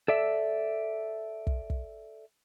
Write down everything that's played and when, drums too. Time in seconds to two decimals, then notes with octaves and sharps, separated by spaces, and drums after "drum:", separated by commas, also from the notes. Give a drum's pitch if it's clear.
0.08 A4 D5 E5
1.47 drum: kick
1.70 drum: kick